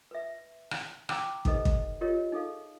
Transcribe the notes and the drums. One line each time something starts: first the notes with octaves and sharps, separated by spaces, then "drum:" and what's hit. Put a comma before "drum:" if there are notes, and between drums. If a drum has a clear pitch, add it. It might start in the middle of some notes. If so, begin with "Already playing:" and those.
B4 E5
drum: rim click
G5 A#5 D6 E6, drum: rim click
A#5
D#4 G4 A4 B4 C5 D#5, drum: kick
drum: kick
F4 G4 A#4 C#5 D#5
D#4 G#4 A4 F5